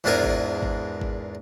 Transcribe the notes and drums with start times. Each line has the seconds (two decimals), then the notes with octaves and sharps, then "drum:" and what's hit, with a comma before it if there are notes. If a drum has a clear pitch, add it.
0.04 E2 G#2 D4 F4 A#4 G#5
0.24 drum: kick G#1
0.63 drum: kick G#1
1.01 drum: kick G#1